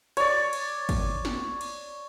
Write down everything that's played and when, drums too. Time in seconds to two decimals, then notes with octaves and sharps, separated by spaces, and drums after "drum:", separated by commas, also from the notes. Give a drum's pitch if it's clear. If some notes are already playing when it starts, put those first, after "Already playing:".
0.17 C#5 D5, drum: cymbal
0.53 drum: cymbal
0.89 drum: kick, cymbal
1.25 drum: snare
1.61 drum: cymbal